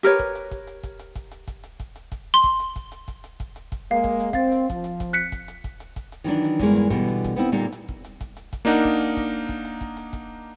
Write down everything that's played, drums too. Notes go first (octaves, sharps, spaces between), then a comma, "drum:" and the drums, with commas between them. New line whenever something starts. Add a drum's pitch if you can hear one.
G4 A#4 B4 C#5, drum: hi-hat
drum: kick, hi-hat
drum: hi-hat
drum: kick, hi-hat
drum: hi-hat
drum: kick, hi-hat
drum: hi-hat
drum: kick, hi-hat
drum: hi-hat
drum: kick, hi-hat
drum: hi-hat
drum: kick, hi-hat
drum: hi-hat
drum: kick, hi-hat
C6
drum: kick, hi-hat
drum: hi-hat
drum: kick, hi-hat
drum: hi-hat
drum: kick, hi-hat
drum: hi-hat
drum: kick, hi-hat
drum: hi-hat
drum: kick, hi-hat
G#3 A#3 F5
drum: kick, hi-hat
drum: hi-hat
C4 F5 A6, drum: kick, hi-hat
drum: hi-hat
F3, drum: kick, hi-hat
drum: hi-hat
drum: kick, hi-hat
F#6 B6 C#7, drum: hi-hat
drum: kick, hi-hat
drum: hi-hat
drum: kick, hi-hat
drum: hi-hat
drum: kick, hi-hat
drum: hi-hat
D#3 E3 F#3 D4
drum: hi-hat
E2 G2 E3 G#3 A#4, drum: kick, hi-hat
drum: hi-hat
B2 D3 E3 G3, drum: kick, hi-hat
drum: hi-hat
drum: kick, hi-hat
B3 C4 E4
A#2 D3 G3 A#3 D#4
drum: hi-hat
drum: kick
drum: hi-hat
drum: kick, hi-hat
drum: hi-hat
drum: kick, hi-hat
A#3 D4 D#4 A#4 F#5
drum: kick, hi-hat
drum: hi-hat
drum: kick, hi-hat
drum: kick, hi-hat
drum: hi-hat
drum: kick, hi-hat
drum: hi-hat
drum: kick, hi-hat